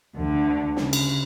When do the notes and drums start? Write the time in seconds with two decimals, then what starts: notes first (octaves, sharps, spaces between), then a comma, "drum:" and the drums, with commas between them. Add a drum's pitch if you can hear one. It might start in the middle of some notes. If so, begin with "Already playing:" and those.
0.16 D2 D3
0.77 C#3, drum: snare
0.93 drum: cymbal